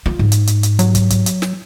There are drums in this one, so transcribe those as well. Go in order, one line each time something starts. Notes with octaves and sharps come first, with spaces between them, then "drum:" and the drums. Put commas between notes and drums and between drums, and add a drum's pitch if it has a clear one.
F4
G#2
drum: hi-hat
drum: hi-hat
drum: hi-hat
F#3, drum: hi-hat
drum: kick, hi-hat
drum: kick, hi-hat
drum: hi-hat
drum: snare